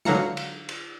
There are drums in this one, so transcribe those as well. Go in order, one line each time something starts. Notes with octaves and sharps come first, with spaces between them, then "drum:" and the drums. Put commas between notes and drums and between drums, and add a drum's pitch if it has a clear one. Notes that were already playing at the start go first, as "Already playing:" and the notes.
D3 F#3 F5 A#5 C#7, drum: snare
drum: cymbal
drum: cymbal